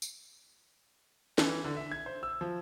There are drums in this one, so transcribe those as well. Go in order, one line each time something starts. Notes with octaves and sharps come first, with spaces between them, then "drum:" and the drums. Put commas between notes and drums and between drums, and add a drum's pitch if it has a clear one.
drum: tambourine
E3, drum: snare
D3
E5
G#6
C5
E6
F3